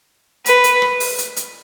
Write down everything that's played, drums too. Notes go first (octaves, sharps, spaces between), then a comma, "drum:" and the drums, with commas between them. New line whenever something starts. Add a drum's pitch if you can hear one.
B4, drum: hi-hat
drum: hi-hat
drum: rim click
drum: open hi-hat
drum: hi-hat
drum: hi-hat